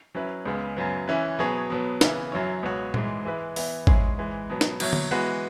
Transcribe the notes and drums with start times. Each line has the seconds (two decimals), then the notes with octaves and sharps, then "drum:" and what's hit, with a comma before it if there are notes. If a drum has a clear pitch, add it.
0.15 F#3 C#4 E4 B4
0.45 C#2 C#3 G#3 B3
0.77 F#2 C#3 F#3 B3
1.08 E3 C#4 E4 B4
1.39 B2 F#3 B3 G#4 C#5
1.70 B2 F#3 B3
2.01 C#3 E3 B3 E4, drum: snare
2.32 F#2 F#3 E4 C#5
2.63 C#2 B2 B3 F#4 C#5
2.94 G#2 E3 G#3, drum: tom A#2
3.25 E3 G#3 E4 B4
3.56 E3 B3 E4, drum: open hi-hat
3.87 G#2 G#3 E4 G#4 C#5, drum: kick G#1
4.18 G#2 E3 G#3
4.50 B2 F#3 B3
4.61 drum: snare
4.80 B2 F#3 E4 C#5, drum: cymbal
4.93 drum: tom D3
5.11 E3 G#3 B3 F#4 B4